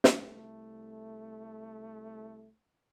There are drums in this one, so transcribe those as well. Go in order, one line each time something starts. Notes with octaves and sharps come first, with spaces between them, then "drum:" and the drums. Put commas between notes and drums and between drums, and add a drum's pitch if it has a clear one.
drum: snare
C2 A3